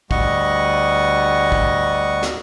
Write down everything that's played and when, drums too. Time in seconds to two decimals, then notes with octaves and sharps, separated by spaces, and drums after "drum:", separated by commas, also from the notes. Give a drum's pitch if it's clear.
0.11 D2 G3 D#5 F#5 C#6, drum: kick
1.52 drum: kick
2.23 drum: snare